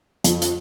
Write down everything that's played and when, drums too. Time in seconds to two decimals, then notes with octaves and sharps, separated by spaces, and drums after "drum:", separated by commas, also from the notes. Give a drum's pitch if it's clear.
0.24 F2, drum: hi-hat
0.42 drum: hi-hat